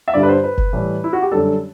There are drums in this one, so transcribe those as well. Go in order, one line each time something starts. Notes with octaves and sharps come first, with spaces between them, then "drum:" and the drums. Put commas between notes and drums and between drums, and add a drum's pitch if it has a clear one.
E5
G2 D3 G3 D5
B4
C5
B4
drum: kick F#1
A2 E3 G3
E4
F#4
G4
F#2 D3 G3 A4